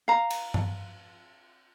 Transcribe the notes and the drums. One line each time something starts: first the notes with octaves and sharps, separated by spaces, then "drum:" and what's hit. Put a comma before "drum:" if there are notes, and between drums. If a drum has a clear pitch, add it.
F5 A#5
drum: cymbal
drum: tom G2